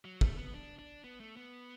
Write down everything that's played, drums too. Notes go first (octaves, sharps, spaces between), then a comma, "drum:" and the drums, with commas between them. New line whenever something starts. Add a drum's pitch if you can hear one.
F#3
A3, drum: kick
B3
D4
D4
B3
A3
B3